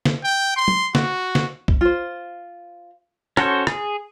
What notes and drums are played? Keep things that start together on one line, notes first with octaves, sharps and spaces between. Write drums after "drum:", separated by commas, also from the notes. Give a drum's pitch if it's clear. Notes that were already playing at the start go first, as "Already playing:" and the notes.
drum: snare
G5
C6
drum: tom
F#4, drum: snare
drum: snare
drum: kick
F4 C5
C#4 F#4 A4 C5 C#5, drum: rim click
G#4, drum: rim click